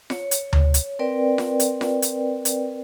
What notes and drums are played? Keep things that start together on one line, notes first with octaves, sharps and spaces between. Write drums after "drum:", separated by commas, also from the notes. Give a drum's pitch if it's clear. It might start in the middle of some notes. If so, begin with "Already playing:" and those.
C#5, drum: snare F4
drum: hi-hat
drum: tom D2
drum: hi-hat
C4 A#4 B4 D5 G5
drum: snare F4
drum: hi-hat
drum: snare F4
drum: hi-hat
drum: hi-hat